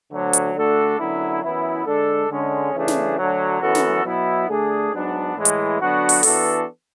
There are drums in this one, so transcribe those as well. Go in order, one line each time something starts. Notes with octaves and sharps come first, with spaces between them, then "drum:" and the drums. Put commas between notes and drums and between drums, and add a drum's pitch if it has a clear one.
D2 D3 F#3
drum: hi-hat
D3 A3 D4 F#4 A4
F#2 D3 F#3 B3 E4
F#2 E3 B3 E4
D3 G#3 D4 A4
D3 G#3 C#4
C#3 E3 A3 D4 G#4
drum: snare
D2 D3 F#3
F#2 E3 B3 F#4 A4
drum: snare
B2 F#3 B3 E4
D3 A3 D4 G#4
G#2 F#3 B3 D4
A2 E3 G#3
drum: hi-hat
D3 F#3 B3 D4 F#4
drum: open hi-hat
E3 B3 D4 F#4 A4, drum: open hi-hat